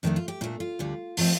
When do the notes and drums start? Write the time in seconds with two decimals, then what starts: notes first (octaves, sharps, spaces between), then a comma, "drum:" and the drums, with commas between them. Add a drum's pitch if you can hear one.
0.03 F2 D#3 A3 D4 D#4
0.16 F4
0.28 G4
0.41 A#2 A3 D4 D#4
0.60 F4
0.79 D2 D3 G3
1.17 A2 F3 A3 C4, drum: open hi-hat